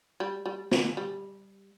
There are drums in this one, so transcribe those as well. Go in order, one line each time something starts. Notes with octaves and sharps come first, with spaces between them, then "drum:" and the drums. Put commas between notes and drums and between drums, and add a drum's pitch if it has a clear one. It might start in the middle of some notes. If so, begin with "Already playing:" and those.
G3
G3
A#3, drum: snare
G3